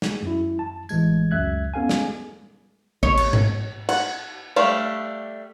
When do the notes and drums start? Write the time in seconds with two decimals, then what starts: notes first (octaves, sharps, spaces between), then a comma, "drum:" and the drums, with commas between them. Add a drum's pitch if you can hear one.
0.02 drum: snare
0.22 F#2 E4
0.59 A5
0.89 A1 E3 G#3 G#6, drum: tambourine
1.31 C#2 F#2 E5 F#6 G#6
1.74 B3 C#4 A4 F5 G#5
1.89 drum: snare
3.03 C#5, drum: kick A1
3.17 drum: cymbal
3.33 drum: tom G#2
3.89 F#5, drum: cymbal
4.56 G3 A3 D4 F5